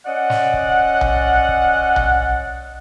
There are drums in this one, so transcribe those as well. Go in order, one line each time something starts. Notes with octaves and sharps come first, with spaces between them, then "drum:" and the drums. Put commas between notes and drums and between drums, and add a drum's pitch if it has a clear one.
C#4 D5 D#5 F#5
drum: snare
drum: kick
drum: tom B1
drum: kick
drum: tom B1